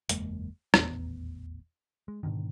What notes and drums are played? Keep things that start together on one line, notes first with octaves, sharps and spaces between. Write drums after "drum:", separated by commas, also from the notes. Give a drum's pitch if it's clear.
F#1 E2 G#3 A#3, drum: hi-hat
D#1 A1 E2 B3, drum: rim click
G#3
G#2 B2 D3 D#3